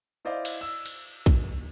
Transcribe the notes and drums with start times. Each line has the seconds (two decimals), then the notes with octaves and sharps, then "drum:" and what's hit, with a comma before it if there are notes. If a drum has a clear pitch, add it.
0.25 E4 C5 D5 D#5 F5
0.45 drum: cymbal
0.61 E6
0.86 drum: cymbal
1.26 drum: kick